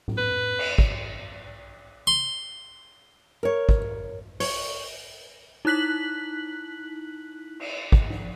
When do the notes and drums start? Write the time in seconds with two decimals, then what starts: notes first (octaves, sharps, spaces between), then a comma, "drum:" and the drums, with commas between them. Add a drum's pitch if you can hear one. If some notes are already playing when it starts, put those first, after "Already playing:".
0.08 drum: tom A2
0.17 B4
0.58 drum: cymbal
0.78 drum: kick
2.07 C6
3.43 A#4 C#5
3.69 drum: kick
4.40 C#5, drum: open hi-hat
5.65 D#4 E4 F#6 B6 F#7
7.60 drum: cymbal
7.92 drum: kick
8.10 drum: tom